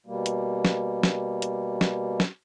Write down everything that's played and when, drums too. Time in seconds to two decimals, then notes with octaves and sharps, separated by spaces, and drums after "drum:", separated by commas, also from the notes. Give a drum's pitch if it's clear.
0.06 B2 G3 A#3
0.26 drum: hi-hat
0.65 drum: snare
1.03 drum: snare
1.42 drum: hi-hat
1.81 drum: snare
2.20 drum: snare